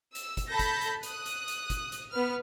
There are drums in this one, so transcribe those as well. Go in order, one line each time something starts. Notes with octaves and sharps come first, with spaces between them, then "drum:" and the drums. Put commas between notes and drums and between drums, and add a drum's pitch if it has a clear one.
E6, drum: hi-hat
drum: kick, hi-hat
A4 A5 B5 G6 A#6
drum: kick, hi-hat
drum: hi-hat
D#6 F#6, drum: hi-hat
drum: hi-hat
drum: hi-hat
drum: kick, hi-hat
drum: hi-hat
B3 B4 F6